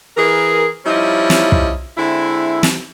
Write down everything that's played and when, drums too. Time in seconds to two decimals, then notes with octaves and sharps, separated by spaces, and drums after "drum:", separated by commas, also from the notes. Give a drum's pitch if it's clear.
0.17 E3 G#4 A#4
0.85 F3 G3 C#4 D#4 E4 D#5
1.30 drum: snare
1.52 drum: kick
1.97 D3 G#3 C4 E4
2.63 drum: snare